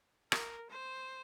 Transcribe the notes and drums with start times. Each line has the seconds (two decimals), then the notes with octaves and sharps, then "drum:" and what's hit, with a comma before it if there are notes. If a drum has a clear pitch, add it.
0.32 A#4, drum: rim click
0.70 C5